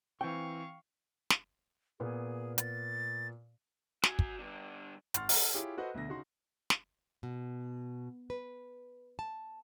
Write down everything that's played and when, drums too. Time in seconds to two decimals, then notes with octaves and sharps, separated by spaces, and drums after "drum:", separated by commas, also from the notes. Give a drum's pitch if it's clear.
0.21 E3 C4 F5 G5 C#6
1.30 drum: snare
2.00 A#2 B3 G#4
2.58 A6, drum: hi-hat
4.03 F#4 G#5, drum: snare
4.19 drum: kick
4.39 G2 D3
5.14 G#1 F#5 C6 C#6 F6 A6, drum: hi-hat
5.29 A4 D#5 F#5, drum: open hi-hat
5.53 E4 F4 G4 G#4 C#5
5.78 F#4 A4 B4 C5 D#5 F#5
5.94 D2 B2 D3 A#6
6.08 C#3 D#4 F#4 C6
6.70 drum: snare
7.23 B2
8.30 B4
9.19 A5